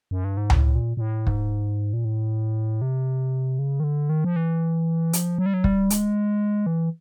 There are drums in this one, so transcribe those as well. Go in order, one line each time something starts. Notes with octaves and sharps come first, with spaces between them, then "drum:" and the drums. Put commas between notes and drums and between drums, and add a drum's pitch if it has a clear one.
F#2
G2
G#2
A2, drum: tom C#2
A#2
A#2
A2
G#2, drum: kick
A#2
A2
C3
C#3
D#3
D3
D#3
F3
E3
F3, drum: hi-hat
F#3
G3
F#3
G3, drum: kick
G#3, drum: hi-hat
E3